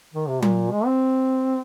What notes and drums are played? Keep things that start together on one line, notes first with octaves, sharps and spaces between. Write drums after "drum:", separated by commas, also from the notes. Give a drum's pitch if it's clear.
D#3
C3
A#2, drum: tom F#3
G#3
C4